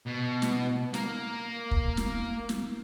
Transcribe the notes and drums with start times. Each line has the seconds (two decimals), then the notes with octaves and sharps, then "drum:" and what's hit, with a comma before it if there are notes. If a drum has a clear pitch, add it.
0.07 B2
0.42 drum: snare
0.94 A#3 A#4, drum: snare
1.71 drum: kick
1.97 drum: snare
2.49 drum: snare